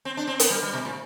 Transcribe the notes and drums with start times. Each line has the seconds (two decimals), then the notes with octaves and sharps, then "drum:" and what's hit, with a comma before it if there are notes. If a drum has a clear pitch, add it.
0.05 C4
0.17 D4
0.27 C4
0.40 B3, drum: hi-hat
0.50 G3
0.63 G3
0.73 B2
0.85 A2